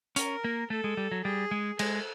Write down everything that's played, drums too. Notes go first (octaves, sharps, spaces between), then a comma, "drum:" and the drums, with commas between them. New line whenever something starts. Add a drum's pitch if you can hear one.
C#4 A#4, drum: hi-hat
A#3
A3 A4
G#3
G3
F#3
G3 G#4
G#3
G#3 A4, drum: cymbal